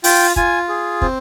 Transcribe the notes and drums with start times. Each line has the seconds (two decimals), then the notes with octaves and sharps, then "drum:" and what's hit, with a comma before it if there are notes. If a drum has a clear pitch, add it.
0.04 F4 G5, drum: open hi-hat
0.36 F4 G#5, drum: kick
0.69 G#4
1.02 C4, drum: kick